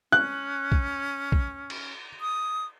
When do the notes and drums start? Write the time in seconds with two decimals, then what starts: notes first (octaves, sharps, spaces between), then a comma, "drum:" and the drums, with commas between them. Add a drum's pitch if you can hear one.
0.12 C#4 F#6
0.72 drum: kick
1.32 drum: kick
1.70 drum: cymbal
2.21 D#6